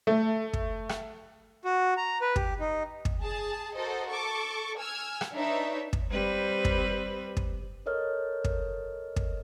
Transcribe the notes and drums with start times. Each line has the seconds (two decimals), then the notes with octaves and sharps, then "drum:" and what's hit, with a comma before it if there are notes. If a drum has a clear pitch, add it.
0.07 A3
0.53 drum: kick
0.89 drum: rim click
1.65 F#4
1.97 A#5
2.21 B4
2.36 G4, drum: kick
2.60 D#4
3.05 drum: kick
3.21 G#4 A5
3.75 F#4 A4 A#4 C5 D#5
4.10 A4 C#6 D6
4.77 G#5 E6 F6 G#6
5.21 drum: rim click
5.33 D4 D#4 B4 C#5 E5
5.93 drum: kick
6.11 G3 C4 B4
6.65 drum: kick
7.37 drum: kick
7.86 A4 A#4 C#5 D#5 F6
8.44 drum: kick
9.16 drum: kick